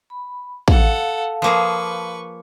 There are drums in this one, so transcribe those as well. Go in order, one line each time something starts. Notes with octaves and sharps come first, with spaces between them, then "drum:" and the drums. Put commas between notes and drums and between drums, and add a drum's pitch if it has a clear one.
B5
A4 F5 F#5 A5, drum: kick
F3 A#3 G#4 B4 C#6